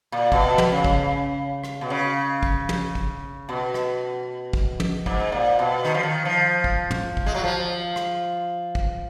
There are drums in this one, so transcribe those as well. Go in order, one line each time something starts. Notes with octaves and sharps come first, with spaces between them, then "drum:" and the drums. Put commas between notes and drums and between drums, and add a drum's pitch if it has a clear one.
A#2
B2, drum: kick
drum: tom
C#3
drum: kick
drum: rim click
B2
C#3
drum: kick
drum: tom
drum: kick
B2
drum: rim click
drum: kick
drum: tom
G#2, drum: kick
A#2
B2
D#3, drum: rim click
F3
D#3
F3
drum: kick
drum: tom
drum: kick
G#3
F#3
F3
drum: rim click
drum: kick